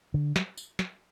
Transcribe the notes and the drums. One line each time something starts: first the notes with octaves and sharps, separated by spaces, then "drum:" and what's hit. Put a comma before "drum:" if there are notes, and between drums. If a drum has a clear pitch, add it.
D3
G3, drum: snare
drum: tambourine
drum: snare